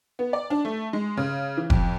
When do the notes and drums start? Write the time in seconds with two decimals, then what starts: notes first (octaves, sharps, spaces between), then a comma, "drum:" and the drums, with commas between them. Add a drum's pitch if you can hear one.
0.19 B3
0.33 D5
0.50 D4
0.65 A3
0.93 G#3
1.17 C#3
1.57 E3
1.70 F2, drum: kick F1